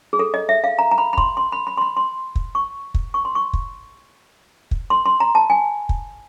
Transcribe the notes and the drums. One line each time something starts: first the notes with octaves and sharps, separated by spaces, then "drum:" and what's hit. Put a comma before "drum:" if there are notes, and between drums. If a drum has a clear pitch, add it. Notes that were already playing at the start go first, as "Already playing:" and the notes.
G#4
A4
D#5
E5
F5
A#5
A#5
B5
B5
C6, drum: kick
C6
B5
B5
C6
B5
C6
drum: kick
C#6
drum: kick
C#6
C6
C#6
drum: kick
drum: kick
C6
C6
A#5
A5
G#5
drum: kick